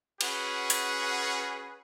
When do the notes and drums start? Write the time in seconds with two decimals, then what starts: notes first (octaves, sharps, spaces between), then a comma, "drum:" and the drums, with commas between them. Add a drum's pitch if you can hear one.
0.21 C#4 F#4 G#4 B4 F#5, drum: cymbal
0.70 drum: hi-hat